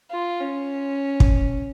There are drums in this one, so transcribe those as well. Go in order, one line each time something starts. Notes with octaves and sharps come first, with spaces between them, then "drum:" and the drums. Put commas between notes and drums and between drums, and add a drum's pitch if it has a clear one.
F4
C#4
drum: kick